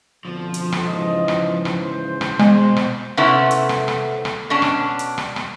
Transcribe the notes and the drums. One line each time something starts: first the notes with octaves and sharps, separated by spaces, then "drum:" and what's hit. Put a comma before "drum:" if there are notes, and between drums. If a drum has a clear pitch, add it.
F2 B2 D3 F3
drum: hi-hat
drum: rim click
G#2 C#3 E3 D#5
drum: rim click
drum: rim click
C5
drum: rim click
B2 G#3, drum: rim click
drum: rim click
C3 A3 B3 C#4 E4
drum: hi-hat
drum: rim click
drum: rim click
drum: rim click
B2 C#4 D4
drum: rim click
drum: hi-hat
drum: rim click
drum: rim click